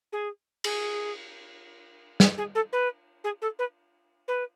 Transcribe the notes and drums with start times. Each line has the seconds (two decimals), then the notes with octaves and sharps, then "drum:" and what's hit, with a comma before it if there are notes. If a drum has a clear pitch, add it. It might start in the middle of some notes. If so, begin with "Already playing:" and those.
0.12 G#4
0.64 G#4, drum: cymbal
2.20 G#4, drum: snare
2.37 G#4
2.55 A4
2.72 B4
3.24 G#4
3.41 A4
3.58 B4
4.28 B4